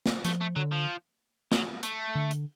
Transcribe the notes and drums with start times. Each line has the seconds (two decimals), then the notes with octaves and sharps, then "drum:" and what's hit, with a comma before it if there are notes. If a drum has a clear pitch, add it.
0.06 drum: snare
0.25 F3 A3, drum: hi-hat
0.41 A3
0.56 D3 F#3
0.72 F3
1.52 F#3, drum: snare
1.83 A3, drum: hi-hat
2.15 D3
2.31 drum: hi-hat